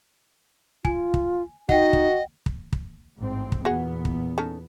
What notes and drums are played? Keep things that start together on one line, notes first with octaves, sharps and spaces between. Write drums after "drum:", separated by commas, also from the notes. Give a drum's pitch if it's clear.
F4 G#5, drum: kick
drum: kick
D#4 F#4 D#5 F#5 G5, drum: kick
drum: kick
drum: kick
drum: kick
A1 G#2 C4
drum: kick
E2 A#2 B3 F#4 G#4 F#5
drum: kick
C#4 D#4 A4